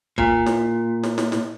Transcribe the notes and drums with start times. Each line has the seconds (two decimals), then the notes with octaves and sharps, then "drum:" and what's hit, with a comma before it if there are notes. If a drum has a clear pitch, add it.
0.18 A#2, drum: kick
0.46 drum: snare
1.03 drum: snare
1.18 drum: snare
1.32 drum: snare